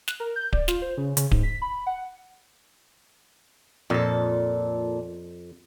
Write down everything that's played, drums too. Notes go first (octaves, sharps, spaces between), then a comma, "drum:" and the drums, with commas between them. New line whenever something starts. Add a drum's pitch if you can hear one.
F#6, drum: snare
A#4
G6
D5, drum: kick D1
F4, drum: snare
C5
C#3
C#3, drum: hi-hat
G#2, drum: kick D1
B6
B5
F#5
F2 A#2 A4